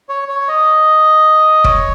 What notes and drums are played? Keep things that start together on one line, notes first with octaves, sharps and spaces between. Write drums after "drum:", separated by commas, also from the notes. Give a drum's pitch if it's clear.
C#5
C#5
D#5
C#5, drum: kick